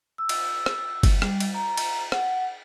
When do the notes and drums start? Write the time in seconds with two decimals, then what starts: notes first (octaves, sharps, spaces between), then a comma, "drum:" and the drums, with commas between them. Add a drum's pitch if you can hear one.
0.18 E6
0.29 drum: cymbal
0.66 drum: rim click
1.03 drum: kick F#1, cymbal
1.22 G3, drum: rim click
1.40 drum: cymbal
1.54 A#5
1.77 drum: cymbal
2.12 F#5, drum: rim click